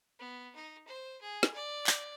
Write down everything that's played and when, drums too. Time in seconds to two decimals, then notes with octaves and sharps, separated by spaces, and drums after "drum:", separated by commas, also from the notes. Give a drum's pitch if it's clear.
0.19 B3
0.55 D#4
0.87 C5
1.22 G#4
1.43 drum: snare
1.54 D5
1.87 drum: clap